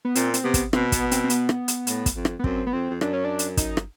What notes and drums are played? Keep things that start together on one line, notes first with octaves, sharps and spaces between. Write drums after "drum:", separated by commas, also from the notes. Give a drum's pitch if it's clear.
B3
A#2 C4, drum: hi-hat
C4, drum: hi-hat
C3 B3
drum: kick, hi-hat
B2 C4, drum: rim click
B3, drum: kick, hi-hat
C4, drum: hi-hat
C4
B3, drum: hi-hat
drum: rim click
drum: hi-hat
A2, drum: hi-hat
drum: kick, hi-hat
F2
drum: rim click
B3
F#2 C4, drum: kick
B3
F2 C4
F2
F#2 D4, drum: rim click
C#4
D4
drum: hi-hat
D#4, drum: kick, hi-hat
drum: rim click